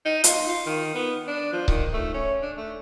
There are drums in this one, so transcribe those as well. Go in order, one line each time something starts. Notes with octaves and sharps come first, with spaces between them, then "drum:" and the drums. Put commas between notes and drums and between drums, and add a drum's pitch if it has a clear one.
D#4
F4, drum: hi-hat
F4
D#3
B3
D4
F3
D#3, drum: kick C#1
A3
C#4
D4
A3